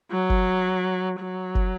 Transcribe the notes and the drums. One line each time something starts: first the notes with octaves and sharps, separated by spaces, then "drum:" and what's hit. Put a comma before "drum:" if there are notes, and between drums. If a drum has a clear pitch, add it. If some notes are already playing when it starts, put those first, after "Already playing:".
F#3
drum: kick F#1
F#3
drum: kick F#1